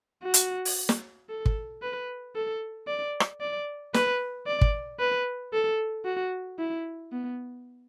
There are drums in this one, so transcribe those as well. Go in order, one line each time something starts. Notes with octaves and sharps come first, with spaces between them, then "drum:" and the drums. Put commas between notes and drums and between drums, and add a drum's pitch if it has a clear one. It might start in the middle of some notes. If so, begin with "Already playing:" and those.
F#4
drum: hi-hat
drum: open hi-hat
drum: snare
A4
drum: kick
B4
A4
D5
drum: rim click
D5
B4, drum: snare
D5
drum: kick
B4
A4
F#4
E4
B3